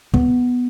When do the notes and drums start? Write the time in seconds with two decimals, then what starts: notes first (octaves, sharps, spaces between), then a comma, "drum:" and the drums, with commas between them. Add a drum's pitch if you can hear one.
0.14 B3, drum: kick